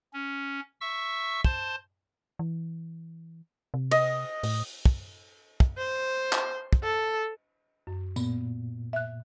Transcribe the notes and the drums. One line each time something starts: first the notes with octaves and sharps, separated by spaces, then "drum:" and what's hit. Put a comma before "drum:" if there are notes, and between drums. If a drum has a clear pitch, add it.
C#4
E5 C#6 E6
C5 A5 C6, drum: kick
E3
C3
D#5, drum: cymbal
A2, drum: open hi-hat
drum: kick
drum: kick
C5
drum: clap
drum: kick
A4
F#2
A#2 B3, drum: tambourine
E5 F#6